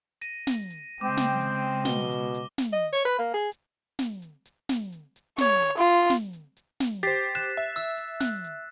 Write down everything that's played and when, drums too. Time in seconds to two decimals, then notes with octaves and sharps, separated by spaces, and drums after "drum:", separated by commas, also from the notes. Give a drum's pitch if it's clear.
0.21 A#6 D#7, drum: hi-hat
0.47 drum: snare
0.70 drum: hi-hat
1.01 C#3 G#3 C4 G5 D6
1.17 drum: snare
1.41 drum: hi-hat
1.85 B2 G7, drum: snare
2.11 drum: hi-hat
2.35 drum: hi-hat
2.58 drum: snare
2.73 D#5
2.93 C#5
3.05 B4, drum: hi-hat
3.19 A#3
3.34 G#4
3.52 drum: hi-hat
3.99 drum: snare
4.22 drum: hi-hat
4.46 drum: hi-hat
4.69 drum: snare
4.93 drum: hi-hat
5.16 drum: hi-hat
5.38 C#5, drum: snare
5.63 drum: hi-hat
5.77 F4
5.86 drum: hi-hat
6.10 drum: snare
6.33 drum: hi-hat
6.57 drum: hi-hat
6.80 drum: snare
7.03 G4 C5 A6 B6 C7, drum: hi-hat
7.35 F#6 E7
7.57 E5
7.76 E6, drum: hi-hat
7.98 drum: hi-hat
8.20 F#6, drum: snare
8.44 drum: hi-hat